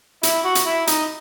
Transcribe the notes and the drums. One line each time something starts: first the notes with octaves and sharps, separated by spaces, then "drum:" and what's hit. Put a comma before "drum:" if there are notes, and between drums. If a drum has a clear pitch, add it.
E4, drum: hi-hat
F#4
drum: hi-hat
E4
D#4, drum: hi-hat